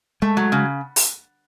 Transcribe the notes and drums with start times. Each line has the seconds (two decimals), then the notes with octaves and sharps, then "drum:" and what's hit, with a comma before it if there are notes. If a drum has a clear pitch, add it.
0.22 G#3 A3
0.37 F#3
0.52 C#3
0.96 drum: open hi-hat